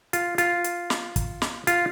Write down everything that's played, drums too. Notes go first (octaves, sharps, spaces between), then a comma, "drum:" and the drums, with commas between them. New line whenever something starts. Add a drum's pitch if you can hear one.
F4, drum: hi-hat
F4, drum: hi-hat
drum: hi-hat
drum: snare
drum: kick, hi-hat
drum: snare
F4, drum: hi-hat